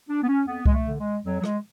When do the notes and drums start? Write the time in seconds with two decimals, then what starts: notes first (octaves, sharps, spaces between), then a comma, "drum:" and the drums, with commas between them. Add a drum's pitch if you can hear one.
0.08 D4
0.22 B3
0.28 C#4
0.46 F2 B3
0.66 G#3, drum: kick C2
0.72 A3
0.85 D3
0.99 G#3
1.24 F2 F#3
1.40 F#3
1.44 G#3, drum: rim click